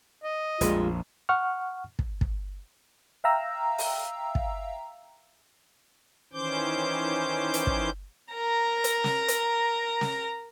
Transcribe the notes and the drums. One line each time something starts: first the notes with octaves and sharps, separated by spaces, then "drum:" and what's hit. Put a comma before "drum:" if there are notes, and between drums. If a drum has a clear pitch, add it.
D#5
A#1 F2 G3 G#3 F4, drum: hi-hat
F#5 C#6 F6
drum: kick
drum: kick
E5 F5 G5 A#5 E6
drum: open hi-hat
drum: kick
D#3 E3 C#4 C5 D6 G6
drum: hi-hat
drum: kick
A#4 A#5
drum: hi-hat
drum: snare
drum: hi-hat
drum: snare